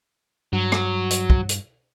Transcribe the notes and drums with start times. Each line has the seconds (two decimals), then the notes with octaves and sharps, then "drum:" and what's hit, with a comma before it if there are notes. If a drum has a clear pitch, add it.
0.53 G2 F#3
0.72 drum: rim click
1.11 drum: hi-hat
1.30 drum: kick
1.49 drum: hi-hat